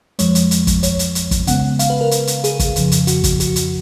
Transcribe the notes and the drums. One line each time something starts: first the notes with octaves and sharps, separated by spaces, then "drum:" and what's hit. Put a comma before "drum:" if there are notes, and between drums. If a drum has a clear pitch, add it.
F2 F3 G#3 C#5, drum: hi-hat
drum: hi-hat
drum: hi-hat
drum: kick, hi-hat
C#5, drum: hi-hat
drum: hi-hat
drum: hi-hat
drum: kick, hi-hat
C#3 G#3 B3 F#5, drum: hi-hat
F5, drum: hi-hat
B4
A#4
drum: hi-hat
drum: hi-hat
G#4, drum: hi-hat
drum: kick, hi-hat
F2 C#3 F3, drum: hi-hat
drum: hi-hat
F#4, drum: hi-hat
drum: kick, hi-hat
F#4, drum: hi-hat
drum: hi-hat